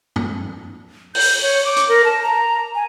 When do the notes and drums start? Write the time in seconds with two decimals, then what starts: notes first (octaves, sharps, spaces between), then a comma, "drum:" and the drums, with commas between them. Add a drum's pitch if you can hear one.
0.16 drum: tom G2
1.15 G6, drum: open hi-hat
1.42 C#5
1.65 D6
1.76 drum: hi-hat
1.88 A#4
2.05 A5
2.23 A#5
2.75 G#5